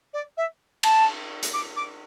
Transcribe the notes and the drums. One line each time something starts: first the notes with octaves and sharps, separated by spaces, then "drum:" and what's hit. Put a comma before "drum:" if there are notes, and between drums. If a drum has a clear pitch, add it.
D5
E5
A5, drum: cymbal
drum: hi-hat
D6
D6